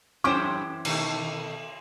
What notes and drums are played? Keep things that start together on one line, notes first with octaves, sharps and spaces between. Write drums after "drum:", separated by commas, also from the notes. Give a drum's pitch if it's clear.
F#2 A2 E3 C#4 C5 G5 D6
B2 D#3 A3, drum: cymbal